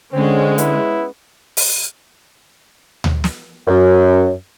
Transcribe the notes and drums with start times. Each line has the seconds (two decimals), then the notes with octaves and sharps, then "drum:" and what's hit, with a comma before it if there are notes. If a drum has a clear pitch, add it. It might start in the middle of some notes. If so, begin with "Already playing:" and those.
0.13 D3 G#3 C4 C#4
0.58 B3 E4, drum: hi-hat
1.57 drum: open hi-hat
3.04 drum: tom D2
3.24 drum: snare
3.67 F#2